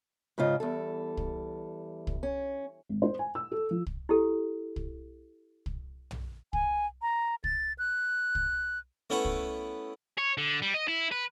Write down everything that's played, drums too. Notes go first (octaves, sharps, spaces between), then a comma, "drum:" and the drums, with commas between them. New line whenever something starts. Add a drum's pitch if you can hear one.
G#2 C#3 F4 D#5
E2 G3 A4
drum: kick
drum: kick
C#4
G#1
C5
G#5
E6
A4
F3
drum: kick
E4 G4 A4
drum: kick
drum: kick
drum: tom
G#5, drum: kick
A#5
A6, drum: kick
F#6
drum: kick
A3 B3 C#4 E4 B4 F#5
drum: kick
C#5
D3
G3
D#5
E4
B4